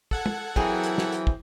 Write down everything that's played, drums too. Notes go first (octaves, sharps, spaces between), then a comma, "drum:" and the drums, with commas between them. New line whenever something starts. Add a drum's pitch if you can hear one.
A4 F#5 G#6, drum: kick
drum: tom
E3 F#3 C4 G#4 A#4, drum: kick
drum: hi-hat
drum: snare
drum: hi-hat
drum: kick